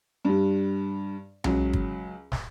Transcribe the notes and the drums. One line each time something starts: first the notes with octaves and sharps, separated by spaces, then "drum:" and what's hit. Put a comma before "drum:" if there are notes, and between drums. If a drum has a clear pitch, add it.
G2 G3
C#2 F#3, drum: tom B1
drum: kick G1
drum: snare